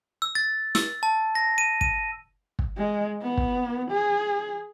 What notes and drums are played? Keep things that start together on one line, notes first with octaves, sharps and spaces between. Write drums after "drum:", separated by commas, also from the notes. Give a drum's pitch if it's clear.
E6
A6
E6, drum: snare
A5
A#6
D#7
D#7, drum: kick
drum: kick
G#3
B3
drum: kick
G#4